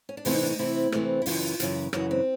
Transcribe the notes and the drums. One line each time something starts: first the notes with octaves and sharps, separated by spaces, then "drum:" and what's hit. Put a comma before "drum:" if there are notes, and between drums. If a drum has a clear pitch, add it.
C#4
D4
C3 E3 A3 C4 F4, drum: open hi-hat
D#4
D4
D#4
C3 E3 A3 C4 E4
C3 E3 A3 C4, drum: rim click
E4
F#2 C#3 E3 F4, drum: open hi-hat
F#2 C#3 E3, drum: hi-hat
F#2 C#3 E3 F#4, drum: rim click
C4